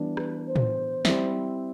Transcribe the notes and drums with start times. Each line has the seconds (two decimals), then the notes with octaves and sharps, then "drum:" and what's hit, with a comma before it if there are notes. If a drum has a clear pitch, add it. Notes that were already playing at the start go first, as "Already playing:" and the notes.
Already playing: E3 G3 B3 D4
0.17 B4, drum: rim click
0.46 C5
0.56 drum: tom A2
1.05 G3 C4 E4, drum: snare